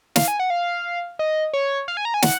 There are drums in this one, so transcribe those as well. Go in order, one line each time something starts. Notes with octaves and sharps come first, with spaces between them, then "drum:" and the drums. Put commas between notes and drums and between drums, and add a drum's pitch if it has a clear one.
F5, drum: snare
G#5
F#5
F5
D#5
C#5
F5
G#5
A#5
G#5
F#5, drum: snare